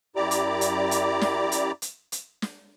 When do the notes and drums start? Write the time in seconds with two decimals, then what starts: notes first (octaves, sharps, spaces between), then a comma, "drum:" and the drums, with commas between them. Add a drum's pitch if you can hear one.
0.16 F#2 E4 G4 D5 A#5 D6
0.31 drum: hi-hat
0.61 drum: hi-hat
0.91 drum: hi-hat
1.21 drum: snare
1.52 drum: hi-hat
1.82 drum: hi-hat
2.12 drum: hi-hat
2.42 drum: snare